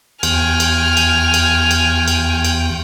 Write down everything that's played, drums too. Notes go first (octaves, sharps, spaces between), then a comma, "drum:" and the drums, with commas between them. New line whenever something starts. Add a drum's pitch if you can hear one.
E2 G5 G#5 F6, drum: cymbal
drum: cymbal
drum: cymbal
drum: cymbal
drum: cymbal
drum: cymbal
drum: cymbal